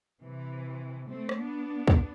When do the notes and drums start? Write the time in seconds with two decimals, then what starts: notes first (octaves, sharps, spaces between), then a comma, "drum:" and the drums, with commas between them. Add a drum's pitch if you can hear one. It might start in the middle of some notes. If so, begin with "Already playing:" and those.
0.22 C3 E3
1.09 A3 C4
1.29 drum: rim click
1.39 B3 D4
1.88 drum: kick